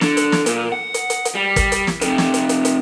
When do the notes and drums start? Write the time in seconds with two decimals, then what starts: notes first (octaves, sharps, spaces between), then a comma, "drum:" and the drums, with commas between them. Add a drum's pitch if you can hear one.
0.01 D3, drum: snare
0.17 drum: hi-hat
0.32 drum: snare
0.46 A#2, drum: hi-hat
0.72 F#5
0.94 drum: hi-hat
1.10 drum: hi-hat
1.25 drum: hi-hat
1.35 G3
1.56 drum: kick, hi-hat
1.72 drum: hi-hat
1.87 drum: snare
2.01 F2 C3, drum: hi-hat
2.18 drum: snare
2.34 drum: hi-hat
2.49 drum: hi-hat
2.65 drum: hi-hat